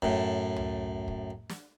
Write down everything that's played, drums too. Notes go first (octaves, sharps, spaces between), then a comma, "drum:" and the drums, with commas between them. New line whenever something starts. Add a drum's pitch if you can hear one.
F#2 A2, drum: kick
drum: tom C#2
drum: kick
drum: snare